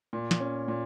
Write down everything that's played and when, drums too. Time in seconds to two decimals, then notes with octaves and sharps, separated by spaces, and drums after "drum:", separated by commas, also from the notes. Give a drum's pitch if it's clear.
0.13 A#2
0.31 drum: snare
0.40 C#4
0.68 A#2